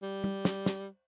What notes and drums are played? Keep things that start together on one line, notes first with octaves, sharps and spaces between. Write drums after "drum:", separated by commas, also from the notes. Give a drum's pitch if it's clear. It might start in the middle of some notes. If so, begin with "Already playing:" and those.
G3
drum: tom
drum: snare
drum: snare